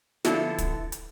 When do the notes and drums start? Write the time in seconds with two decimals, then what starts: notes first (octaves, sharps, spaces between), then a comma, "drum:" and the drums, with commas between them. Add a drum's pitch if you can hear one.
0.25 D3 F3 B3 E4 A4, drum: snare
0.58 drum: kick, hi-hat
0.92 drum: hi-hat